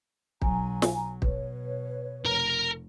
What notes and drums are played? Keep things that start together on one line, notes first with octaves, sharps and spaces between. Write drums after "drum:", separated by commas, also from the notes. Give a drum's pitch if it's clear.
B1 F#3 G#5 A#5, drum: kick
drum: snare
B2 B4 C#5, drum: kick
F1 A#4 A#5